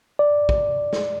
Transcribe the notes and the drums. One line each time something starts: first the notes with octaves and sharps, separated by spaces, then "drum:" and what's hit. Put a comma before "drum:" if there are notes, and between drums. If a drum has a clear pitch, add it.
D5
drum: kick
drum: snare